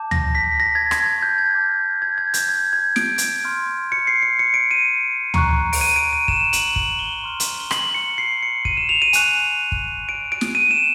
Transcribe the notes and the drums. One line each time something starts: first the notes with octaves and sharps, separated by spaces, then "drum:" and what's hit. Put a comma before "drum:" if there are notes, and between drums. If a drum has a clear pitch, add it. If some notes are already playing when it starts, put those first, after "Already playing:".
Already playing: A5 D6 G6
A#6, drum: tom D2
B6
A#6
G#6
G#6, drum: rim click
G#6
G6
G#6
A5 D6 F6
G#6
G#6
G6, drum: hi-hat
G#6
G#6
D7, drum: snare
drum: hi-hat
C6 F6
C#7
C7
C#7
C#7
D7
D#7
A#5 C#6 F#6, drum: tom D2
D7, drum: open hi-hat
D#7
D7
D#7
E7, drum: kick
F#7, drum: hi-hat
F#7, drum: kick
G7
C6 F6
drum: hi-hat
G7
F#7, drum: rim click
C#7
C7
C#7
D#7, drum: kick
E7
F7
D#7
G#5 C#6 F#6, drum: hi-hat
drum: kick
D7
D7
drum: snare
D#7
E7